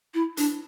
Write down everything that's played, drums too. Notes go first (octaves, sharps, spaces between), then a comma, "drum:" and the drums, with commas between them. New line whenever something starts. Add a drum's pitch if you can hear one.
E4
D4, drum: hi-hat